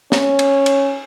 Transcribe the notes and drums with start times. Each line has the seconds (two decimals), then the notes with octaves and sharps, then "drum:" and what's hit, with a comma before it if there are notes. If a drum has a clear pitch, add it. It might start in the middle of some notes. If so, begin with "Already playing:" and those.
0.12 C#4, drum: snare
0.39 drum: cymbal
0.66 drum: cymbal